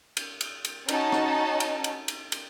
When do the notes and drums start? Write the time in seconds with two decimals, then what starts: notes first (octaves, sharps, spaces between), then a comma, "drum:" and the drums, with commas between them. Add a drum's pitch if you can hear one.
0.17 drum: cymbal
0.41 drum: cymbal
0.65 drum: cymbal
0.88 C#4 D#4 F#4 A5, drum: cymbal
1.12 drum: rim click
1.60 drum: cymbal
1.84 drum: cymbal
2.08 drum: cymbal
2.32 drum: cymbal